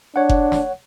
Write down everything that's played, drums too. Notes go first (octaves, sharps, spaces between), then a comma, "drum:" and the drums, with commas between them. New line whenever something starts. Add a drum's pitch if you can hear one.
D4 C#5 F#5
drum: kick F#1
drum: snare